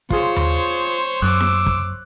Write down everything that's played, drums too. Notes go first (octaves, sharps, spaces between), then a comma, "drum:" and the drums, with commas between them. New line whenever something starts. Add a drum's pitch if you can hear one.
F4 G#4 C5 C#5, drum: kick
drum: tom D#2
F#2 D6 E6 F#6
drum: snare
drum: kick